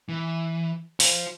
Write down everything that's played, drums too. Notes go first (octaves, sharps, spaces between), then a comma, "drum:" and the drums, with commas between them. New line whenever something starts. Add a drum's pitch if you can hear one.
E3
F4 C5, drum: open hi-hat